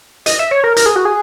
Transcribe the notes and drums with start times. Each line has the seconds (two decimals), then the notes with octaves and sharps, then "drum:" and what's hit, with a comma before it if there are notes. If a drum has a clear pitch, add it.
0.26 D#5, drum: hi-hat
0.39 E5
0.51 C#5
0.64 A#4
0.76 A#4, drum: hi-hat
0.86 G#4
0.96 F#4
1.05 G#4